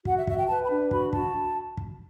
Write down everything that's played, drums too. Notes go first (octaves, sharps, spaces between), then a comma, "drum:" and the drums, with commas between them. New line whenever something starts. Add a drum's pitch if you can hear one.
F#4 F#5, drum: kick
E5
F#4 E5, drum: kick
G5
B4 A5
B5
D4
F#4 B5, drum: kick
F#4 A5, drum: kick
drum: kick